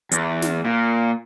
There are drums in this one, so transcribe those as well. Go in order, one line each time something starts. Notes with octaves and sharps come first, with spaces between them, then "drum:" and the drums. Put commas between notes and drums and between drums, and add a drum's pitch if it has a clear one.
E2, drum: hi-hat
drum: snare
A#2